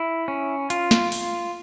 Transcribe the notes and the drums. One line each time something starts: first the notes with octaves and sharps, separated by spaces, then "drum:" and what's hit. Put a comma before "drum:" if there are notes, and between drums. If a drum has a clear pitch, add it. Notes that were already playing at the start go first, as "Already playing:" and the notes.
Already playing: E4
C#4
F4, drum: hi-hat
drum: snare
drum: open hi-hat